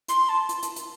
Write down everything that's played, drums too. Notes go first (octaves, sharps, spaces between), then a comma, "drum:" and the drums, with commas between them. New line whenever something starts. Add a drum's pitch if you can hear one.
C6, drum: hi-hat
A5
drum: hi-hat
drum: hi-hat
drum: hi-hat